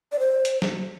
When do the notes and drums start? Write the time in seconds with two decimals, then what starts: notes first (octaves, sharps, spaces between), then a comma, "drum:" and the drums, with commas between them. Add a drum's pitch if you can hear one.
0.12 D5
0.19 C5
0.45 drum: hi-hat
0.62 drum: snare